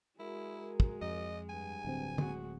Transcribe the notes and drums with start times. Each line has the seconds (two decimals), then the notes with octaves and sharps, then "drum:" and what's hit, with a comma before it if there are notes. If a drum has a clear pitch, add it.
0.19 G#3 E4 F#4 A#4
0.80 drum: kick
1.02 F2 D#5
1.49 G2 G#5
1.84 D1 D2 C4
2.18 G#3 F#4, drum: tom